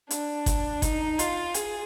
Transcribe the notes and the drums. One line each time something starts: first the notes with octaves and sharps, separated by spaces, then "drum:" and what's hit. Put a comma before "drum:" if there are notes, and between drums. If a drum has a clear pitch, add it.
D4, drum: hi-hat
drum: kick G1, hi-hat
D#4, drum: kick G1, hi-hat
F4, drum: hi-hat
G#4, drum: hi-hat